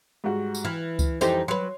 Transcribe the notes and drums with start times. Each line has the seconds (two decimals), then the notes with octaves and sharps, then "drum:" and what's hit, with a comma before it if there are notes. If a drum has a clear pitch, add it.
0.24 G#2 G3 F#4
0.55 drum: tambourine
0.65 E3 F6
0.99 drum: kick C#2, tambourine
1.21 F2 E3 D#4 G4 A4 C5, drum: tambourine
1.48 F#3 B4 C#5 C6